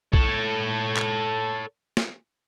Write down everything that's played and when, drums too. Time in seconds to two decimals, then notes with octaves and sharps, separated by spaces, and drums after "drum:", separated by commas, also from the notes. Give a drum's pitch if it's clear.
0.13 A4 C#5, drum: kick B1
0.96 drum: clap
1.97 drum: snare